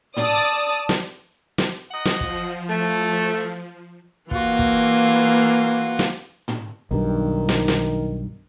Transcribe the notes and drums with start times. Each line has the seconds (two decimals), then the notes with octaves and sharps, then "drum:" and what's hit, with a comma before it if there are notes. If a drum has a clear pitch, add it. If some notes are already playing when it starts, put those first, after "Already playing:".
0.17 D5 A5 D#6 E6, drum: tom
0.89 drum: snare
1.58 drum: snare
1.90 D#5 F#5
2.05 drum: snare
2.21 F3, drum: kick
2.69 A3
4.31 E3 A#3 F4 F#4, drum: kick
4.59 drum: kick
5.99 drum: snare
6.48 drum: tom
6.91 B1 G2 D#3
7.49 drum: snare
7.68 drum: snare